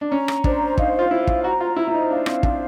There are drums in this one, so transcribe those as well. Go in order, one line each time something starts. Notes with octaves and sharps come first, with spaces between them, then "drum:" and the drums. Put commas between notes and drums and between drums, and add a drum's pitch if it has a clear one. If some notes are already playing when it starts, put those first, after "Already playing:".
D4
C#4 A#5
drum: rim click
D4 C5, drum: kick
D#4 F5, drum: kick
F4
E4 C5
drum: kick
F#4 A#5
F4
E4 C5
E4
D#4
D4 F5
C4, drum: rim click
D4 C5, drum: kick